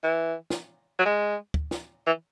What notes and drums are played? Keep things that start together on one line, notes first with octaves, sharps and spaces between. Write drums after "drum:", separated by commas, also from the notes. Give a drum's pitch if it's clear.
E3
drum: snare
F#3
G#3
drum: kick
drum: snare
E3